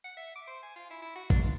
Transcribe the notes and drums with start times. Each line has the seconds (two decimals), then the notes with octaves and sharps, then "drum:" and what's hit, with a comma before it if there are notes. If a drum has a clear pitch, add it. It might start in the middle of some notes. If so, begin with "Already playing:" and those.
0.04 F#5
0.17 E5
0.36 D6
0.48 C5
0.63 G#5
0.76 F4
0.91 E4
1.02 E4
1.16 F#4
1.30 D4, drum: kick
1.43 F4